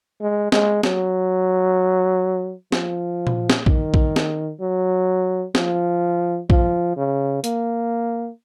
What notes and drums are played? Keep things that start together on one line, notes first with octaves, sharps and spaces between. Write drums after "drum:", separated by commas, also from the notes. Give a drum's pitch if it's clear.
G#3
G#3, drum: snare
F#3, drum: snare
F3, drum: snare
drum: tom A#2
drum: snare
D#3, drum: kick
drum: kick
drum: snare
F#3
F3, drum: snare
F3, drum: kick
C#3
A#3, drum: hi-hat